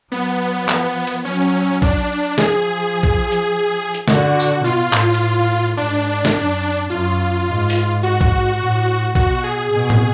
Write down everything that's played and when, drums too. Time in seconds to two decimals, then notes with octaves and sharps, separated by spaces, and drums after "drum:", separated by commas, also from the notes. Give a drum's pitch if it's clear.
0.12 F#3 B3
0.69 F3, drum: clap
1.07 drum: cymbal
1.25 F#3 C#4
1.82 D4, drum: kick A#1
2.38 F3 G#4, drum: snare
3.03 drum: kick A#1
3.32 drum: hi-hat
3.94 drum: hi-hat
4.08 D3 F#4, drum: snare
4.40 drum: tambourine
4.64 B2 F4
4.93 A2, drum: clap
5.14 drum: cymbal
5.77 G#2 D4
6.25 drum: snare
6.34 F#2
6.90 F#2 F4
7.47 G#2
7.70 drum: open hi-hat
8.03 F#4
8.21 drum: kick A#1
8.59 A2
9.15 B2 F#4, drum: kick A#1
9.44 G#4
9.72 B2
9.90 drum: tom A2